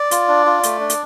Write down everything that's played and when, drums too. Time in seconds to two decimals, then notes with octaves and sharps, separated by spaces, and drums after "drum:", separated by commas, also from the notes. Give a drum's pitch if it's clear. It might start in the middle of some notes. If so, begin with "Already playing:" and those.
Already playing: D5
0.11 F4, drum: hi-hat
0.28 D4
0.46 F4
0.63 A3, drum: hi-hat
0.80 D4
0.90 drum: hi-hat